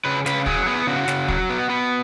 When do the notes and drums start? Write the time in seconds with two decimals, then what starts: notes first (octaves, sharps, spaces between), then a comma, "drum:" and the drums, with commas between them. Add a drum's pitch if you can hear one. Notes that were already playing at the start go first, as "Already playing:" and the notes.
0.05 C#3 B4
0.26 C#3 B4, drum: snare
0.46 F#3 G#4, drum: kick
0.66 B3 G#4
0.87 C#3 F#4
1.08 C#3, drum: snare
1.28 F#3, drum: kick
1.50 B3
1.70 B3